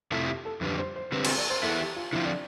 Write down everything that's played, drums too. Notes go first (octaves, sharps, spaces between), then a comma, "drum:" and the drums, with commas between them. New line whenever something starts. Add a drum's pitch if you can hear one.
F2 C3 F3 A3 E4 A4
G4
A4
F2 D3 G3 B4
C5
C5
D3 G3 C4 B4
C5, drum: cymbal
D5
C5
E3 B3 E4 A4
G4
F4
D3 F3 C4 E4 F4
D4